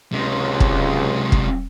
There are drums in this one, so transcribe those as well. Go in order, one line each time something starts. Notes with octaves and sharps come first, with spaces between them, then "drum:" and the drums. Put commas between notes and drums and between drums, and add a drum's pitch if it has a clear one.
C#2 C3 G#3
drum: kick
drum: kick